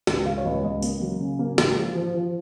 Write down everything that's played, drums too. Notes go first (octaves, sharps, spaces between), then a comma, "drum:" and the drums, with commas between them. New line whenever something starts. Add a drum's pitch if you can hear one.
C#2, drum: snare
C#2 F5
C#5
C#2 D#5
C#2 D#5
A#3, drum: tambourine
F#3
C#3
A#3
G#2, drum: snare
F3
F3
F3